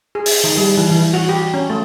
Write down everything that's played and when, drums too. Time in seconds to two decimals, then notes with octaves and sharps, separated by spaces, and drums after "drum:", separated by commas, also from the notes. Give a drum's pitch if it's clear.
0.15 G#4
0.26 drum: open hi-hat
0.44 D#3
0.57 G3
0.78 E3
0.91 E3
1.14 F#4
1.29 G4
1.54 C#4
1.70 A3